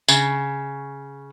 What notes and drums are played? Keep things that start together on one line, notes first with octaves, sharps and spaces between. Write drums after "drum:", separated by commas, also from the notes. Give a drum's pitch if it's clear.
C#3, drum: tambourine